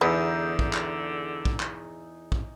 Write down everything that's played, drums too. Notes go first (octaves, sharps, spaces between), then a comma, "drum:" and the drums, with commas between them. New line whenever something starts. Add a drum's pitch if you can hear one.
E2 D3 B3 D#4 G#4 E5
drum: kick
drum: clap
drum: kick
drum: clap
drum: kick